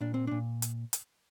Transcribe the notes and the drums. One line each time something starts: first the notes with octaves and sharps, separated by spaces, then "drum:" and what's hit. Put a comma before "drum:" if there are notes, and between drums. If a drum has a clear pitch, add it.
A#2 D4
C4
A#2 D4
drum: hi-hat
drum: hi-hat